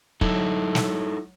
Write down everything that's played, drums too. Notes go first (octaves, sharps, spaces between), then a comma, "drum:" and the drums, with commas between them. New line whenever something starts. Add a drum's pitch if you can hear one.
F#3 D#4 E4 A4, drum: kick
drum: snare